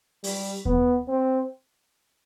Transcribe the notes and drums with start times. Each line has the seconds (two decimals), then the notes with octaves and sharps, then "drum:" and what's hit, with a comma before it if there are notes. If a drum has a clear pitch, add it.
0.24 G3, drum: open hi-hat
0.65 B3, drum: kick D#2
1.08 C4